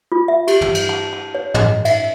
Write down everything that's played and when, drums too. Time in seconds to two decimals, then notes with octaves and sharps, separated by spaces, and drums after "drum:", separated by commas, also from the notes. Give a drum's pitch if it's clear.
0.12 F4
0.28 E5
0.47 G4, drum: cymbal
0.61 drum: tom
0.75 drum: cymbal
0.89 A5
1.13 A5
1.35 C#5
1.54 D#5, drum: tom
1.85 E5, drum: cymbal